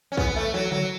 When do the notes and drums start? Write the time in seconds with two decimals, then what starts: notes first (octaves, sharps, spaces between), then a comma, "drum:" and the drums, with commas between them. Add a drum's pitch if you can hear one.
0.12 C#4
0.17 B3, drum: kick
0.36 A3
0.54 F#3
0.72 F#3, drum: tom C#3